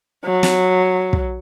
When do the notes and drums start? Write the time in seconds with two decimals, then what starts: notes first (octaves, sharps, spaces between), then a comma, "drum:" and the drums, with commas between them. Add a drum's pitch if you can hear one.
0.25 F#3
0.43 drum: snare
1.13 drum: kick